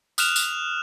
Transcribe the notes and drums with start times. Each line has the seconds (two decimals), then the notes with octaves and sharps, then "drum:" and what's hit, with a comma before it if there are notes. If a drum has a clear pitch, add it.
0.18 D#6 F6 F#6 E7 F7, drum: tambourine
0.36 drum: tambourine